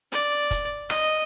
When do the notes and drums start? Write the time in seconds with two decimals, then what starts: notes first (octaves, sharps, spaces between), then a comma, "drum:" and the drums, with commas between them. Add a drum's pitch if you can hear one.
0.12 D5, drum: hi-hat
0.51 drum: kick, hi-hat
0.90 D#5, drum: rim click